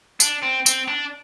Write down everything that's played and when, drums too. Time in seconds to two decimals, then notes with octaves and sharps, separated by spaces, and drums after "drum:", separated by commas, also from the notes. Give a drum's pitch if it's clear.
0.20 D4, drum: tambourine
0.42 C4
0.66 C4, drum: tambourine
0.88 D4